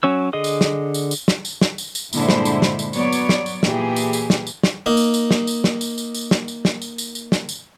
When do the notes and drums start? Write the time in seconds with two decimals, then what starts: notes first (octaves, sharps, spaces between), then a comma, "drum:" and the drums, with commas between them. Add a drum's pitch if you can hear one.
0.03 F#3 C#4 C#5 E6
0.33 D3 G#4 D#5 D#6
0.44 drum: tambourine
0.61 drum: snare
0.94 drum: tambourine
1.11 drum: tambourine
1.28 drum: snare
1.45 drum: tambourine
1.61 drum: snare
1.78 drum: tambourine
1.95 drum: tambourine
2.13 G2 A#2 D3 G#3 E4 C5, drum: tambourine
2.29 drum: snare
2.45 drum: tambourine
2.62 drum: snare
2.79 drum: tambourine
2.93 F#3 B3 C#5 D5, drum: tambourine
3.12 drum: tambourine
3.29 drum: snare
3.46 drum: tambourine
3.63 A#2 E3 G4 G#4, drum: snare
3.96 drum: tambourine
4.13 drum: tambourine
4.30 drum: snare
4.47 drum: tambourine
4.63 drum: snare
4.86 A#3 D#4
4.97 drum: tambourine
5.14 drum: tambourine
5.31 drum: snare
5.47 drum: tambourine
5.64 drum: snare
5.81 drum: tambourine
5.98 drum: tambourine
6.14 drum: tambourine
6.31 drum: snare
6.48 drum: tambourine
6.65 drum: snare
6.82 drum: tambourine
6.98 drum: tambourine
7.15 drum: tambourine
7.32 drum: snare
7.49 drum: tambourine